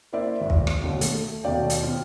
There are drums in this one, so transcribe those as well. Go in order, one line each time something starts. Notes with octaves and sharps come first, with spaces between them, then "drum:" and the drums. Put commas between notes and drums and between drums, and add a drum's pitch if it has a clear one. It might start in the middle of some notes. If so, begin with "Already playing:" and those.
A#3 E4 C5 D5 E5
G#1
drum: kick
drum: rim click
D#2 B2 D3
A3, drum: hi-hat
D#2 B2 D5 G5
drum: hi-hat
C4 F4